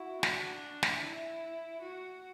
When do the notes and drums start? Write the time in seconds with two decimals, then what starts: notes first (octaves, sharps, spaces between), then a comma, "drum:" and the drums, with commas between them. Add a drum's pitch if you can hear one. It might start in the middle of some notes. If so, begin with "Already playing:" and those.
Already playing: E4 F#4
0.23 D4, drum: snare
0.83 drum: snare
1.02 E4
1.82 F#4